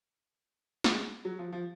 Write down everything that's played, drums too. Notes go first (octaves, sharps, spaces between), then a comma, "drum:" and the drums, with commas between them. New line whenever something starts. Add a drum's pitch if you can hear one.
G#3, drum: snare
F#3
F3
F3